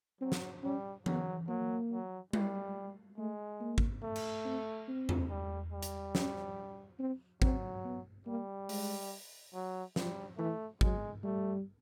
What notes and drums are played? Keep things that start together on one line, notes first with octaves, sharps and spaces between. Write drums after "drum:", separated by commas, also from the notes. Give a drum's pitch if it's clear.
F#3 C4
drum: snare
G3 C#4
F#3 B3, drum: tom E3
F#3 A#3
F#3
G3, drum: tom G3
G#3 A3
A#3
drum: kick G#1
A3
drum: cymbal
C4
C4
drum: tom E2
G3
G3
drum: hi-hat
C#4, drum: snare
C4
F#3 C4, drum: kick G#1
B3
G3 A#3
G#3, drum: open hi-hat
F#3
F3 G3, drum: snare
E3 A3
F#3 G#3, drum: kick G#1
G3 A3